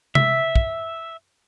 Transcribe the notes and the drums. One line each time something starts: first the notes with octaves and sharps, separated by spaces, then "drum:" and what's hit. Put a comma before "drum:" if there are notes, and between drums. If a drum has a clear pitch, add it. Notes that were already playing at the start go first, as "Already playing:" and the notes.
E5, drum: tom C3
drum: kick